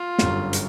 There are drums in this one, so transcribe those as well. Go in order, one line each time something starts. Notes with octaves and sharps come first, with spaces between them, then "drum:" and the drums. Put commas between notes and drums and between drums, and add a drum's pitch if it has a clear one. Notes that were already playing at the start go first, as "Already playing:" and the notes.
Already playing: F4
G1 F#2 D3 G3, drum: snare
drum: hi-hat